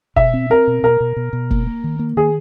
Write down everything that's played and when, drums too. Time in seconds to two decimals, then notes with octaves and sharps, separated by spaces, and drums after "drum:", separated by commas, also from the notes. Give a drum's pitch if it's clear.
0.16 B2 E5, drum: kick
0.34 C4
0.50 C4 A#4
0.67 B2
0.83 B2 A#4
1.00 B2
1.16 B2
1.33 B2
1.51 A#3, drum: kick
1.67 A#3
1.84 D#3
1.99 A#3
2.17 D#3 G#4